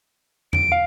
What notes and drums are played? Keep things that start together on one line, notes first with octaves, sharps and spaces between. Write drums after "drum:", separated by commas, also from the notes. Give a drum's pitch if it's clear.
D7, drum: tom E2
F5